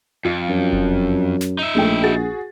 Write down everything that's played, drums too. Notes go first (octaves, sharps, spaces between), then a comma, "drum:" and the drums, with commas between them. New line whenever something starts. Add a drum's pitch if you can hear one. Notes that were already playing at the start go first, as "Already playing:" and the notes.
F2 F4
F#2
drum: kick F1
drum: snare
D#4 E5
A#1 G#3 A3 G5
F#4 G#4 A6